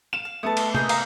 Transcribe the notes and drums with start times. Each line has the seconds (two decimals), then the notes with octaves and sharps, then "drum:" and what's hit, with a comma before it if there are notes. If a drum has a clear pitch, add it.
0.13 F5 E7
0.25 F5
0.43 A3 B3 A4 A5 D#6
0.57 drum: cymbal
0.75 G#4 A#4 D#5 G6, drum: tom
0.89 F5 A#5, drum: cymbal